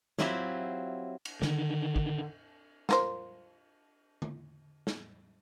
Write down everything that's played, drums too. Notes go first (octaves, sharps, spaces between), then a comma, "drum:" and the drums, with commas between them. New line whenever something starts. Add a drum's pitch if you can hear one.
F#3 C4 E4 F4 G4 E5, drum: snare
drum: cymbal
D3 D#3, drum: snare
drum: kick
F4 A#4 C5, drum: snare
drum: tom D3
drum: snare